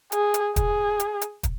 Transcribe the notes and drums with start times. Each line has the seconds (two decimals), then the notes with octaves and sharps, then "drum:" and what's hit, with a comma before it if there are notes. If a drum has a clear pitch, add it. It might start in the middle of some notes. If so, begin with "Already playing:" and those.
0.12 G#4, drum: hi-hat
0.34 drum: hi-hat
0.56 G#4, drum: kick, hi-hat
1.00 drum: hi-hat
1.22 drum: hi-hat
1.43 drum: kick, hi-hat